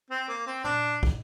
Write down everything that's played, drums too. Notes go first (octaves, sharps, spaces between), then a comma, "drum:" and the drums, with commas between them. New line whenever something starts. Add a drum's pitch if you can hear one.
C4
A#3
C4
D4, drum: tom
drum: kick